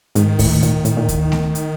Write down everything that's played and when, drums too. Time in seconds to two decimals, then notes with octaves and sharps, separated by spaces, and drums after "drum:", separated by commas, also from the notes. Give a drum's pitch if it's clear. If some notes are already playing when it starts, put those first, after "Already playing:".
0.15 G#2 D#3, drum: hi-hat
0.39 A2, drum: kick D2, open hi-hat
0.46 E3
0.50 D#3
0.63 A#2, drum: hi-hat
0.85 A2, drum: hi-hat
0.97 A#2
1.08 drum: kick D2, hi-hat
1.32 drum: snare A3
1.55 drum: hi-hat